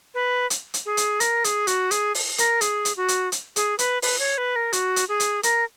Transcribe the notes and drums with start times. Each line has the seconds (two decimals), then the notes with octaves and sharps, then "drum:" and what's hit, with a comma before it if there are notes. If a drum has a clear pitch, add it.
0.14 B4
0.50 drum: hi-hat
0.74 drum: hi-hat
0.86 G#4
0.97 drum: hi-hat
1.20 A#4, drum: hi-hat
1.44 G#4, drum: hi-hat
1.67 F#4, drum: hi-hat
1.91 G#4, drum: hi-hat
2.15 drum: open hi-hat
2.38 A#4, drum: hi-hat
2.61 G#4, drum: hi-hat
2.85 drum: hi-hat
2.97 F#4
3.08 drum: hi-hat
3.32 drum: hi-hat
3.56 G#4, drum: hi-hat
3.79 B4, drum: hi-hat
4.02 B4, drum: open hi-hat
4.19 C#5
4.38 B4
4.56 A#4
4.73 F#4, drum: hi-hat
4.96 drum: hi-hat
5.09 G#4
5.20 drum: hi-hat
5.43 A#4, drum: hi-hat